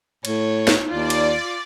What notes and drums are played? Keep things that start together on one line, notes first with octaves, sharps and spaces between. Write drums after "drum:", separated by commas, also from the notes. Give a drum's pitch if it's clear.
A2 C#5, drum: cymbal
drum: snare
D#2 F4 D5
drum: cymbal